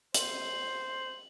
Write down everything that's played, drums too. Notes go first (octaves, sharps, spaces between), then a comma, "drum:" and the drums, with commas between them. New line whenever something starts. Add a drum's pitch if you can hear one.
C5 F#7, drum: hi-hat